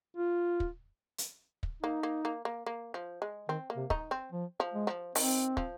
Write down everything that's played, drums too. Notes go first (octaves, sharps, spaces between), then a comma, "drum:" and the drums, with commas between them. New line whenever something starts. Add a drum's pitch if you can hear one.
F4
drum: kick
drum: hi-hat
drum: kick
A#3 D#4
A#3
A#3
A#3
A#3
F3
G#3
D#3 C4
A#3
C3
D#3 D#4, drum: kick
C4
F3
F3
G#3
F3
D#3 C4, drum: open hi-hat
F3, drum: kick